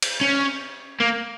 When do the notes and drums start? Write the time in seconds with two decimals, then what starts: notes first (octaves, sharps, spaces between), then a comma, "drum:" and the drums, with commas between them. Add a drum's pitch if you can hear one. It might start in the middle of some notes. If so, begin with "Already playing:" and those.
0.02 drum: cymbal
0.21 C#4
1.00 A#3